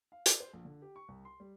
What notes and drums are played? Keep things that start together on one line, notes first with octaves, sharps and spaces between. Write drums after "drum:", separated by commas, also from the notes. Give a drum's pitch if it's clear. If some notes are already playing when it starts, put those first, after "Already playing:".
F5
D5, drum: hi-hat
C5
A#1
D3
G4
C#6
C2
C6
G3